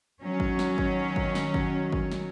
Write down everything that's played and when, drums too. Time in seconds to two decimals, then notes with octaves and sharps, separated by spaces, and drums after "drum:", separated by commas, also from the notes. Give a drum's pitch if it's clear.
0.21 D#3 F#3 C#4
0.40 drum: kick G#1
0.59 drum: snare
0.78 drum: kick G#1
1.16 drum: kick G#1
1.35 drum: snare
1.54 drum: kick G#1
1.92 drum: kick G#1
2.12 drum: snare